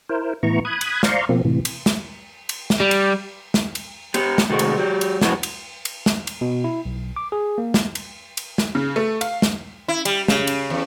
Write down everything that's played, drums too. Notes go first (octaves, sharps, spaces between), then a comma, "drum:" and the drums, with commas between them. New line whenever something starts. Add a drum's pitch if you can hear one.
E4 A#4 C5
A2 E3 B3 E4 A#5 C#6
B5 D#6 F#6 G#6
drum: cymbal
C5 D5 F5 A#5 C6 C#6, drum: snare
B2 F3 A#3 C4
A2 C3 E3
drum: cymbal
drum: snare
drum: cymbal
drum: snare
G3
drum: cymbal
drum: snare
drum: cymbal
B3 G4, drum: cymbal
drum: snare
A2 C3 D#3 G#3 F#4 A4
drum: cymbal
F#3 G4
drum: cymbal
F3 B3 E4 F#4 A4 B4, drum: snare
drum: cymbal
drum: cymbal
drum: snare
drum: cymbal
B2
E4
B1
D6
G#4
A#3
drum: snare
drum: cymbal
drum: cymbal
drum: snare
C#3
A3
F5, drum: cymbal
drum: snare
E4
G3, drum: cymbal
C#3, drum: snare
drum: cymbal
E2